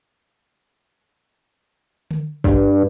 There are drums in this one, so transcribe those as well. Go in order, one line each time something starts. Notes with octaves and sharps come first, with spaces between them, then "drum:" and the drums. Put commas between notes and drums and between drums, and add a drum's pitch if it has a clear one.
drum: tom D3
G2, drum: kick